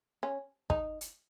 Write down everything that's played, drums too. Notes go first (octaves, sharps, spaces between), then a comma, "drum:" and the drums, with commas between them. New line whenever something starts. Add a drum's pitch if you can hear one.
C#4
D#4, drum: kick
drum: hi-hat